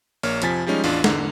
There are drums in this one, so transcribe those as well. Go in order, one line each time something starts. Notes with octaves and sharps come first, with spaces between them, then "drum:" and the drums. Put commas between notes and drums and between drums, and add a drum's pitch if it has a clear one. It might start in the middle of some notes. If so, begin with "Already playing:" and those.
A#1 A#3 C#5 F6, drum: open hi-hat
F2 C3 F3 G#5 A6 B6, drum: hi-hat
F3 G3 G#3 C#4 D#4
A1 E2 D4 F4, drum: open hi-hat
E2 G#2 D3, drum: snare